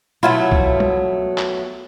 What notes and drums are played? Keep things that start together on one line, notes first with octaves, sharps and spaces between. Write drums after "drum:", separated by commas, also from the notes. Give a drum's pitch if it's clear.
B2 F#3 A3 E4 F4
drum: kick
drum: tom
drum: clap